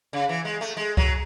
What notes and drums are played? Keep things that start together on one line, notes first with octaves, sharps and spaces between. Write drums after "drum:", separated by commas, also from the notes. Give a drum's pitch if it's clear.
C#3
E3
G#3
A3
G#3
F#3, drum: kick C#2